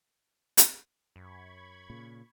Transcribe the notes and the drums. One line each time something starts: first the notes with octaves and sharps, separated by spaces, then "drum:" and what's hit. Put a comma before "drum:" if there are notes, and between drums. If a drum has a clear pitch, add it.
drum: hi-hat
F#2 B5 C#6 G#6
A#2 C#3